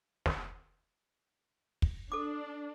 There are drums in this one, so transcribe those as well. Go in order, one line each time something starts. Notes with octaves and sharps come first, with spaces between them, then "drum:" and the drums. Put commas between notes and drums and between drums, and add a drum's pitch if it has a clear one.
drum: snare
drum: kick
D4 A4 D6